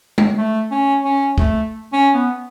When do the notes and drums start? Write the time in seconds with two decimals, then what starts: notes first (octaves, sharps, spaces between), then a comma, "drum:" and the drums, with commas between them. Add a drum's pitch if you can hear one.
0.18 drum: tom G#3
0.38 A3
0.71 C#4
1.03 C#4
1.38 A3, drum: kick
1.93 C#4
2.14 B3